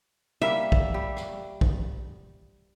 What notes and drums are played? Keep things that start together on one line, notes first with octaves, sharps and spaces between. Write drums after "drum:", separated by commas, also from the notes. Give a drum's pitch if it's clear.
G3 A#3 E5
drum: kick
G3
drum: rim click
drum: kick